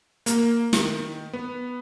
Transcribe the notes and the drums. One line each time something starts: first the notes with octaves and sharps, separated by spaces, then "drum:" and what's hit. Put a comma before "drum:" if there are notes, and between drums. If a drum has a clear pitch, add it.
A#3, drum: hi-hat
D#3, drum: snare
B3